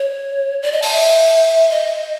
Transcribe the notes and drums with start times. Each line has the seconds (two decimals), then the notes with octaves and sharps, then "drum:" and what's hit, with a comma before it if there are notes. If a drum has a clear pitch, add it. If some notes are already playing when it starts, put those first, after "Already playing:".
Already playing: C#5
0.62 D5
0.72 D#5
0.82 A5, drum: open hi-hat
0.91 E5
1.71 D#5